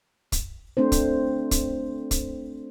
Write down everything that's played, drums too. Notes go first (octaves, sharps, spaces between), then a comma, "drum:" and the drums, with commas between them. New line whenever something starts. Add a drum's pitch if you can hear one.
drum: kick, hi-hat
A3 C4 D4 C5
drum: kick, hi-hat
drum: kick, hi-hat
drum: kick, hi-hat